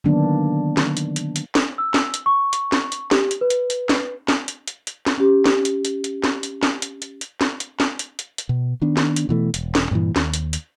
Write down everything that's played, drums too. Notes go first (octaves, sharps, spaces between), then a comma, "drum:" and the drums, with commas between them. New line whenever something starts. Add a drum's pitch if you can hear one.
D3 D#3 F#3 A#3 B3 D4
drum: snare
drum: hi-hat
drum: hi-hat
drum: hi-hat
drum: snare
E6
drum: snare
drum: hi-hat
C#6
drum: hi-hat
drum: snare
drum: hi-hat
G4, drum: snare
drum: hi-hat
B4
drum: hi-hat
drum: hi-hat
drum: snare
drum: snare
drum: hi-hat
drum: hi-hat
drum: hi-hat
drum: snare
C#4 G4
drum: snare
drum: hi-hat
drum: hi-hat
drum: hi-hat
drum: snare
drum: hi-hat
drum: snare
drum: hi-hat
drum: hi-hat
drum: hi-hat
drum: snare
drum: hi-hat
drum: snare
drum: hi-hat
drum: hi-hat
drum: hi-hat
B2
D#3 B3 D4
drum: snare
drum: hi-hat
B2 E3 A3
E1, drum: hi-hat
drum: snare
G2 A#2 E3
D#2, drum: snare
drum: hi-hat
drum: hi-hat